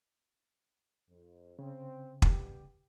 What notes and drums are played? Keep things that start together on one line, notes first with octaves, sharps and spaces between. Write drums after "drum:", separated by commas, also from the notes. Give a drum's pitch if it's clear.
F2
C#3 C4
G3 B3 G4, drum: kick